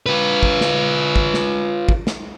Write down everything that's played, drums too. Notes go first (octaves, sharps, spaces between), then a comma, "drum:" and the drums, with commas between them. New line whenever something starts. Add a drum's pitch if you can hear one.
F4 B4
drum: kick
drum: snare
drum: kick
drum: snare
drum: kick
drum: snare